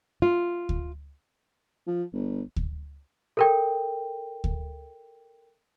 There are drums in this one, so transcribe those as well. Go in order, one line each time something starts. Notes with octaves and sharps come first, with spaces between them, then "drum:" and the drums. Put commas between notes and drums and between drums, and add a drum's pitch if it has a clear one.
F4
drum: kick D2
F3
G1
drum: kick D2
A4 A#4 G5
drum: kick D2